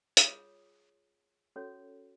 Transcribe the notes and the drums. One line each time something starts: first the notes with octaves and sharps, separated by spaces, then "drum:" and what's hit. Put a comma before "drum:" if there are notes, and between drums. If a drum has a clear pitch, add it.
F4 G#4 C#5 D#6, drum: hi-hat
C#4 F#4 A4 C#5